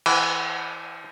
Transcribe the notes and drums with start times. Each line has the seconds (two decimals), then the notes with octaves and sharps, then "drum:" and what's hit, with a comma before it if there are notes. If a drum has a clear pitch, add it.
0.06 E3, drum: cymbal